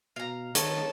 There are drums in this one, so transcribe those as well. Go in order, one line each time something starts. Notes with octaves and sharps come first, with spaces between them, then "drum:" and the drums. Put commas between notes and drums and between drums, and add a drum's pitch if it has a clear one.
B2 F5 A#5
D#3 C#5 A5, drum: hi-hat